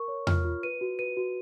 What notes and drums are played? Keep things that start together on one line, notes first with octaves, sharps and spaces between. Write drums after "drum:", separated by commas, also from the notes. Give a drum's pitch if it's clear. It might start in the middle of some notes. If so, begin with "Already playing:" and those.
Already playing: A#4 C#6
C#5
F4 F6, drum: tom E2
F4
B4 D#7
F#4
B4 D#7
F#4